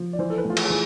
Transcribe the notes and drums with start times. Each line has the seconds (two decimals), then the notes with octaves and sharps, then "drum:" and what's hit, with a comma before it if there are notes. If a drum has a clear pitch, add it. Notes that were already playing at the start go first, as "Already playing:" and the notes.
Already playing: F3
0.13 D5
0.19 E3 C5
0.30 A4
0.38 B4
0.45 A2
0.50 F4
0.57 G#4, drum: cymbal
0.70 E3